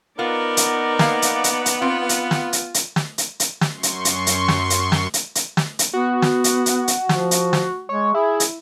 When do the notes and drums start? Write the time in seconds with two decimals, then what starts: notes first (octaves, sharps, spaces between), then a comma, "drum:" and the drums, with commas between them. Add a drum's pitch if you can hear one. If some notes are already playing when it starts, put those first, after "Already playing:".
0.19 B3 D#4 F4 A#4 D5
0.57 drum: hi-hat
0.99 A#3 F5, drum: snare
1.22 drum: hi-hat
1.44 drum: hi-hat
1.66 drum: hi-hat
1.82 C4 F4
2.09 drum: hi-hat
2.31 drum: snare
2.53 drum: hi-hat
2.74 drum: hi-hat
2.96 drum: snare
3.18 drum: hi-hat
3.40 drum: hi-hat
3.61 drum: snare
3.71 F#2 C6 C#6
3.83 drum: hi-hat
4.05 drum: hi-hat
4.27 drum: hi-hat
4.48 drum: snare
4.70 drum: hi-hat
4.92 drum: snare
5.14 drum: hi-hat
5.35 drum: hi-hat
5.57 drum: snare
5.79 drum: hi-hat
5.93 B3 F#4
6.22 drum: snare
6.44 drum: hi-hat
6.66 drum: hi-hat
6.88 drum: hi-hat
7.09 F3, drum: snare
7.31 drum: hi-hat
7.53 drum: snare
7.89 G#3 C#5
8.14 E4 G#4
8.40 drum: hi-hat